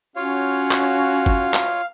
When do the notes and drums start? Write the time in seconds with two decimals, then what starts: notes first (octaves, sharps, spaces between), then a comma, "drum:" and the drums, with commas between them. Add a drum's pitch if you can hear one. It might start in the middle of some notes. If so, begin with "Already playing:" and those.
0.16 C#4 F4 F#4 C#5 F5
0.71 drum: clap
1.26 drum: kick G1
1.54 drum: clap